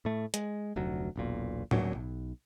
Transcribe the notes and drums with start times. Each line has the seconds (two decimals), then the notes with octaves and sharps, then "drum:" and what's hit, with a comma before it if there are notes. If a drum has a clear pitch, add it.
0.05 A2 A3
0.34 G#3, drum: hi-hat
0.76 F1 D2 F#3
1.16 E1 B1 A#2
1.71 D1 A#2 F#3, drum: tom A2
1.95 B1